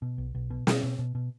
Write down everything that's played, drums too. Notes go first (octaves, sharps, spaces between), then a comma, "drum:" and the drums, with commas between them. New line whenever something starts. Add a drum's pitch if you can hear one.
B2
B1
B1
B2
B2, drum: snare
B2
B2
B2